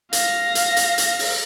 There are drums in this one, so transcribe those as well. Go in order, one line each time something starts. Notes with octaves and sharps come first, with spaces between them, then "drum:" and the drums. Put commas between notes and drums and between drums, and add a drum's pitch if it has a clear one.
F5 A#6, drum: hi-hat
drum: hi-hat
drum: hi-hat
drum: hi-hat
drum: open hi-hat